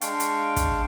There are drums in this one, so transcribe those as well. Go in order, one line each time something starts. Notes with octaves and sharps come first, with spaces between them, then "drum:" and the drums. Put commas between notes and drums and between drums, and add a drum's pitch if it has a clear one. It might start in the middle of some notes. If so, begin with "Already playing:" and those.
G#3 D4 F5 G5 C#6, drum: hi-hat
drum: hi-hat
drum: kick, hi-hat